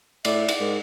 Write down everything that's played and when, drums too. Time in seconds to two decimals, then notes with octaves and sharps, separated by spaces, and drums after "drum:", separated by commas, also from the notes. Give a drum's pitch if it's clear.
0.25 A2 D5 E5, drum: cymbal
0.48 drum: cymbal
0.60 G#2 A#4